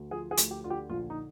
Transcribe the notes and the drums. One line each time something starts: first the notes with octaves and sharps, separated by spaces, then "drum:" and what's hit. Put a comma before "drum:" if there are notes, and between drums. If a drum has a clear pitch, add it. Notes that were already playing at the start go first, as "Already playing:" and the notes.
Already playing: D2
F3 G#4
G#4
D2, drum: hi-hat
G4
D3 F4
G4
A#1 F4
D#4